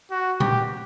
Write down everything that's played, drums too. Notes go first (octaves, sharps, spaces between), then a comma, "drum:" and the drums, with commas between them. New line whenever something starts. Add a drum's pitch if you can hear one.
F#4
G4, drum: tom A#2